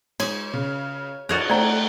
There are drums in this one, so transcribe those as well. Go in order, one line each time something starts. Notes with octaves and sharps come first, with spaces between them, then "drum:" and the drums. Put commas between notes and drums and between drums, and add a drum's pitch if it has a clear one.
G#2 G#4 C#5, drum: cymbal
C#3
F#4 G#4 A#4 F#6 G#6 A6, drum: cymbal
A3 C4 D5 F#5 G5 A#5